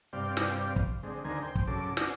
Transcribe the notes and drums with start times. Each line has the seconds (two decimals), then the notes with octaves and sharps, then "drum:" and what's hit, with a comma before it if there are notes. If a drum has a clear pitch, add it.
0.13 G2 C3 D5 F5 G5
0.37 drum: snare
0.76 drum: kick
1.03 D3 G#3 C4
1.25 D2 D3 D#3 A#4 C5 G#5
1.42 C5 G5
1.56 drum: kick
1.67 F#2 C#3 A4 D6
1.97 D4 F#4, drum: snare